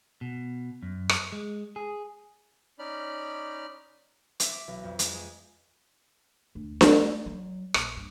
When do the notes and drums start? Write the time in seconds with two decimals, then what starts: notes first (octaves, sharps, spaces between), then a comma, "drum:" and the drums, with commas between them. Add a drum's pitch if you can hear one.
0.21 B2
0.82 F#2
1.09 drum: rim click
1.32 G#3
1.76 G#4
2.79 C#4 D#4 D5 B5 F6
4.40 E5, drum: hi-hat
4.51 D6
4.68 B1
4.83 F2
4.99 G#3, drum: hi-hat
5.14 G#4
6.55 D2
6.81 A3, drum: snare D4
7.26 F#3
7.74 A#1, drum: rim click
7.96 G2